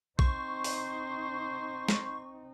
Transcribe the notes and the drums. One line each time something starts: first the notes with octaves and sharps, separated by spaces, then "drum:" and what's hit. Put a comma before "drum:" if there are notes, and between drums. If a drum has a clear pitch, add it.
C4 D#4 C5 C#6, drum: kick A#1
drum: open hi-hat
drum: snare